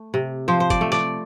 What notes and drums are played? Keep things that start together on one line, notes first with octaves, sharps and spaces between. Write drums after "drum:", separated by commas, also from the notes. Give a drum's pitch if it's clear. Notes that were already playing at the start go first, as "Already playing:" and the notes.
Already playing: A3
C3
F3 C5
C5
D5, drum: kick F#1, hi-hat
A3
D5, drum: snare